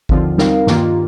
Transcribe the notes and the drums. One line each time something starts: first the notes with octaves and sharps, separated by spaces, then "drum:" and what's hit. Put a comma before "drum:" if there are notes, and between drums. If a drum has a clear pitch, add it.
D#2 D3 F3 C4 F4, drum: kick G#1
G3 C4 D#4 A#4 F5, drum: snare
G2 D#3 A#3 F4, drum: snare